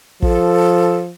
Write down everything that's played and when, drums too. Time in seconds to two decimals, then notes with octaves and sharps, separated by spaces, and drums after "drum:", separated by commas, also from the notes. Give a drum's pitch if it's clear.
0.22 F3 A4, drum: kick